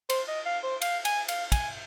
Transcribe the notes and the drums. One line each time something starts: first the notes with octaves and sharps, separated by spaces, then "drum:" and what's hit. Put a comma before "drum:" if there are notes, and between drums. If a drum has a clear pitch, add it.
C5, drum: cymbal
D#5
F5
C5
F5, drum: cymbal
G#5, drum: cymbal
F5, drum: cymbal
G#5, drum: kick, cymbal